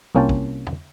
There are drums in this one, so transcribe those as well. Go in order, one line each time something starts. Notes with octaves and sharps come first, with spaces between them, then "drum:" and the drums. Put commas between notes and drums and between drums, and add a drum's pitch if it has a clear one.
C2 A#3 C#4 F4 G5 A5
drum: kick
drum: tom